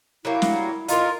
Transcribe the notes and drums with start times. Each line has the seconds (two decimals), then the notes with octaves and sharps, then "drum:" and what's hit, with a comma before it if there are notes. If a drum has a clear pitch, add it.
0.25 F#3 G3 A#3 E4
0.42 drum: snare
0.88 D#4 F4 A#4, drum: hi-hat